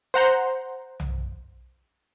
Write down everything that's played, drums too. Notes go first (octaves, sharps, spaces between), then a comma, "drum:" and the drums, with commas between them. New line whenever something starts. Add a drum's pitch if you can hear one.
C5 F#5 A#5 C6
drum: tom